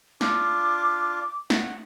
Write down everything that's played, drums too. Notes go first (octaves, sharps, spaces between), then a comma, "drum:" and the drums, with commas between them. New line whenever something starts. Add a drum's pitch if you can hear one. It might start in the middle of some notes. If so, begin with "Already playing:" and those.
D4 F4 D6, drum: snare
F#5, drum: snare